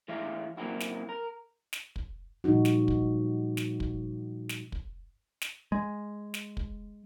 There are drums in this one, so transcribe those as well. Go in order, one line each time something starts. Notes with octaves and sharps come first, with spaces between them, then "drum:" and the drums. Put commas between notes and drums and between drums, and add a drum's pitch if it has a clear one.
A2 E3 G#3 C#5 E5 F5
F#3 A#3 C4 C#4 E4 F#4
drum: snare
A#4
drum: snare
drum: kick
A#2 F3 G3 D#4 F#4
drum: snare
drum: kick
drum: snare
drum: kick
drum: snare
drum: kick
drum: snare
G#3
drum: snare
drum: kick